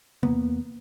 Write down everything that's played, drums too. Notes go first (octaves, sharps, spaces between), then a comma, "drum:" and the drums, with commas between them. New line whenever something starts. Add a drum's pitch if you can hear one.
E2 A#3 B3, drum: tom C3